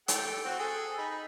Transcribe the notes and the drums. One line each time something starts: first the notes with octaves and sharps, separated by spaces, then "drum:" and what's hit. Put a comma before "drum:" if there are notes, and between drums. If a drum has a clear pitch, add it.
G4 A4 G5, drum: hi-hat
C4 F#4
G#4 A4
D#4 B5